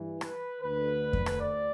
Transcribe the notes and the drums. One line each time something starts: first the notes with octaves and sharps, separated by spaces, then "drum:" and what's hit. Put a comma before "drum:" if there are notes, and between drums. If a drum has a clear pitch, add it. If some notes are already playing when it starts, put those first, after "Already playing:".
Already playing: G2 E3
B4, drum: rim click
D2 D3 B4
drum: kick F2
drum: rim click
D5